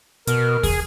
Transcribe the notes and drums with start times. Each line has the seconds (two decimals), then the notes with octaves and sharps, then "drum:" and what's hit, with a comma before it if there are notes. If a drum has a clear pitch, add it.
0.27 B2 A#4, drum: hi-hat
0.63 G#4, drum: kick D#2, open hi-hat